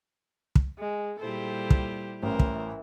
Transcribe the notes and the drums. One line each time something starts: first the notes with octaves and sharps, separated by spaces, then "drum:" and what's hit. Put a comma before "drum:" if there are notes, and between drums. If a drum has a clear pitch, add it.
drum: kick
G#3
A#2 G3 E4 G4 A4 C5
drum: kick
A1 E3 A#4 C5
drum: kick